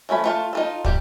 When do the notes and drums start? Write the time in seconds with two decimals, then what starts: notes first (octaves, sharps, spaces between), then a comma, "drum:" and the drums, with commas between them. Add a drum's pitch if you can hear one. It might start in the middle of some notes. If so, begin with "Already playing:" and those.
0.09 F3 A3 C#4 B5
0.24 A3 F4 A5
0.53 D#4 F4 A4
0.85 G3 G4, drum: kick